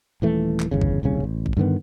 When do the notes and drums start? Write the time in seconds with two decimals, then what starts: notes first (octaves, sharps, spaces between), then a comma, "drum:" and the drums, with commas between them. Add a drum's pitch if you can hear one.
0.22 D#1 E3 A3
0.60 drum: clap
0.71 G1 E2 C#3
0.81 drum: kick
1.03 D#1 C2 C#3 C#4
1.24 A1
1.46 drum: kick
1.57 G2 D3 D#3 B3